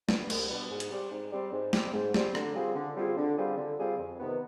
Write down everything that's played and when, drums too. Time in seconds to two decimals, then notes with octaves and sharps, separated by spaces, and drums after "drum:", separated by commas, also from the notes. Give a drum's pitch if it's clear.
0.09 B2 G3 B3 D4, drum: snare
0.30 C2, drum: cymbal
0.49 B2 G3 B3 D4
0.70 G#2
0.80 drum: hi-hat
0.91 G3 C4 G4 D5
1.11 G#2
1.32 G3 C4 G4 D5
1.52 G#2
1.73 G3 C4 G4 D5, drum: snare
1.93 G#2
2.14 G3 C4 G4 D5, drum: snare
2.35 D3, drum: rim click
2.55 G3 C4 F4 G#4
2.75 D3
2.96 G3 C4 F4 G#4
3.17 D3
3.37 G3 C4 F4 G#4
3.57 D3
3.79 G3 C4 F4 G#4
3.98 F2
4.20 C3 D#3 B3